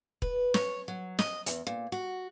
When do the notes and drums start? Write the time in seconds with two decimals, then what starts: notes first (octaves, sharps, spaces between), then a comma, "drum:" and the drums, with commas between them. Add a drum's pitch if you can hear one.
0.22 B4, drum: kick
0.54 C#5, drum: snare
0.88 F#3
1.19 D#5, drum: snare
1.46 E2, drum: hi-hat
1.67 A#2
1.92 F#4